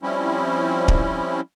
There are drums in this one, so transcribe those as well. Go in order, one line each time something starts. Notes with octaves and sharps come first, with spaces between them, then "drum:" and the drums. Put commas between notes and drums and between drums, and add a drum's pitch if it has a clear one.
F3 G3 C4 C#4 E4
drum: kick D1